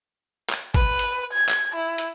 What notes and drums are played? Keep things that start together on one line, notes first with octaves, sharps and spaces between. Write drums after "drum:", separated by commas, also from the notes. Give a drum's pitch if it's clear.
drum: clap
B4, drum: kick G#1
drum: hi-hat
G#6
drum: clap
E4
drum: hi-hat